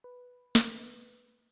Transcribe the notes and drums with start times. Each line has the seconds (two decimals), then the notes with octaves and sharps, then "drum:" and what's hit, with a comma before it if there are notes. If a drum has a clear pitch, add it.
0.04 B4
0.55 drum: snare